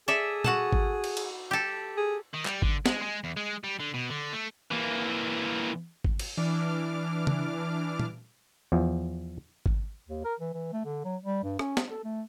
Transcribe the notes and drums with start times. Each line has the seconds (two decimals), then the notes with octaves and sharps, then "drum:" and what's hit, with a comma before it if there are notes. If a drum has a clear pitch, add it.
0.08 G#4 A4 D5 E5
0.44 F#4 F#5 A5, drum: tom
0.73 drum: kick G#1
1.04 drum: cymbal
1.17 drum: cymbal
1.51 G4 A4
1.98 G#4
2.34 D#3
2.45 G3, drum: clap
2.62 D3, drum: kick G#1
2.86 G#3, drum: snare
3.02 G#3
3.24 E2
3.37 G#3
3.64 G3
3.79 D3
3.94 B2
4.10 D3
4.33 A3
4.71 E3 A#3
6.05 drum: kick G#1
6.19 drum: cymbal
6.37 E3 D4 D6 F6
7.27 drum: tom C#3
8.00 drum: tom
8.72 E2 F3
9.66 drum: kick G#1
10.08 D#2
10.25 A#4
10.40 E3
10.54 E3
10.73 A3
10.85 D3
11.05 F#3
11.23 G3
11.44 G2
11.59 C#4, drum: rim click
11.77 drum: snare
11.90 A4
12.04 A3